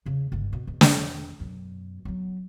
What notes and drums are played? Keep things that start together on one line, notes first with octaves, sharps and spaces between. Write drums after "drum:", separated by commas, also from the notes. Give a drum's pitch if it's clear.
E2 C#3
G1 G#2
B2
E2 B2
drum: snare
F#2 B2
F#3 B3